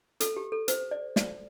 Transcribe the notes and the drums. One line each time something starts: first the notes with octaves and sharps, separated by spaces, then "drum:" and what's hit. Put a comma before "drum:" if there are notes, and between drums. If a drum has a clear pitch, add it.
A4, drum: hi-hat
G4
A4
C5, drum: hi-hat
D5
D5, drum: snare